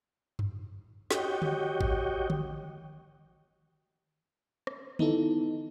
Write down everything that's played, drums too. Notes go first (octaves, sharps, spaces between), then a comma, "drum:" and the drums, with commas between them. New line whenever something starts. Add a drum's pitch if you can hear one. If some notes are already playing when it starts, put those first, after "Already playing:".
drum: tom F#2
F#4 G4 C#5 D#5 G5, drum: snare
drum: tom
drum: kick A1
drum: tom
drum: rim click
B3 D#4 E4 A4, drum: tom